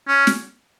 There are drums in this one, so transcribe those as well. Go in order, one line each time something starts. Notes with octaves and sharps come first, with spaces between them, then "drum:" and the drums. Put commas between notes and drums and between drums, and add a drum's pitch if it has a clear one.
C#4
drum: snare